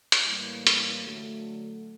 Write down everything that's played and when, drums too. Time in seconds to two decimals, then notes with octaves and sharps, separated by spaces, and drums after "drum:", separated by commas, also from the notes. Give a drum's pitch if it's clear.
0.12 drum: hi-hat
0.24 A2 E3 G3 A#3
0.67 drum: hi-hat
1.03 D3 F#3 A3